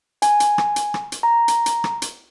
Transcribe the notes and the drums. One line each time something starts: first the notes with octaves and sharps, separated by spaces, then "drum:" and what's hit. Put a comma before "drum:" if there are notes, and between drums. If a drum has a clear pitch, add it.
G#5, drum: hi-hat
drum: hi-hat
drum: rim click
drum: hi-hat
drum: rim click
drum: hi-hat
A#5
drum: hi-hat
drum: hi-hat
drum: rim click
drum: hi-hat